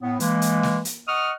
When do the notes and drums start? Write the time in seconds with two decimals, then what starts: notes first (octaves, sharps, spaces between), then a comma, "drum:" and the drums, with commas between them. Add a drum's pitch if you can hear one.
0.01 A2 B3
0.20 E3 G#3 A#3, drum: hi-hat
0.42 drum: hi-hat
0.63 drum: snare
0.85 drum: hi-hat
1.08 D#5 F#5 C#6 D#6 F6